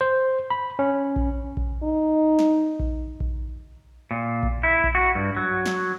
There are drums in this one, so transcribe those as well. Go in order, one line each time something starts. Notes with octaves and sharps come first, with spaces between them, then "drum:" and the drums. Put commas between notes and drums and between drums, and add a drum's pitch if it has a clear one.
C5
B5
C#4
drum: kick A#1
drum: kick A#1
D#4
drum: snare
drum: kick A#1
drum: kick A#1
A#2
drum: kick A#1
E4
drum: kick A#1
F#4
G2
F#3
drum: snare